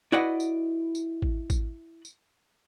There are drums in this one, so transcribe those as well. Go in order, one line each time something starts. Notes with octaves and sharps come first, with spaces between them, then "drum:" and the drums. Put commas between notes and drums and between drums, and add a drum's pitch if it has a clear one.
E4 F#4 B4 D5 D#5 F#5
drum: tambourine
drum: tambourine
drum: kick A1
drum: kick A1, tambourine
drum: tambourine